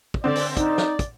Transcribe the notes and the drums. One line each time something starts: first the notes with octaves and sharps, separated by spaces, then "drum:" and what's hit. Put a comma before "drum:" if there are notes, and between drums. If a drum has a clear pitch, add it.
drum: kick
D3 C4 D5
drum: open hi-hat
D#4 D5, drum: kick, hi-hat
drum: snare
drum: kick, hi-hat